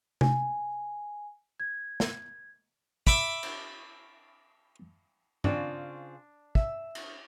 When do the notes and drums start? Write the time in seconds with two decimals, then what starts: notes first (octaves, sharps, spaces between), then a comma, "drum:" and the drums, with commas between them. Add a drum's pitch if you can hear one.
0.21 G#5, drum: tom C3
1.60 G#6
2.00 drum: snare
3.07 E5 B5 D6, drum: kick
3.43 drum: cymbal
5.44 C#3 C4 D4 F4, drum: tom G2
6.55 E5, drum: kick
6.95 drum: cymbal